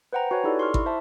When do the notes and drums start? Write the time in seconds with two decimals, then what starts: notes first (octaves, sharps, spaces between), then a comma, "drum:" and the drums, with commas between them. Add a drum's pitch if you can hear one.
0.13 B4 C5 F#5 G5 A#5
0.31 F#4 B4 C#5 G#5
0.44 D#4 E4 G4 A4 D5
0.59 C6 C#6 F6
0.74 E4, drum: kick G#1
0.86 C5 E5 A5